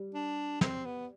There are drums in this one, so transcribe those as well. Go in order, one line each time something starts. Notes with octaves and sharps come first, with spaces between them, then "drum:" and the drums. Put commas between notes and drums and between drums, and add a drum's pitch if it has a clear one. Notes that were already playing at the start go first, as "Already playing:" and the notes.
Already playing: G3
D4
C4, drum: snare
B3